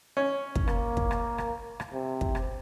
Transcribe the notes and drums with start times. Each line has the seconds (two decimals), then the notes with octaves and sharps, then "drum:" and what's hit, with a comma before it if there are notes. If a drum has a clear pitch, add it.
0.17 C#4
0.55 drum: kick
0.68 A#3, drum: rim click
0.97 drum: kick
1.11 drum: rim click
1.38 drum: rim click
1.80 drum: rim click
1.93 C3
2.21 drum: kick
2.35 drum: rim click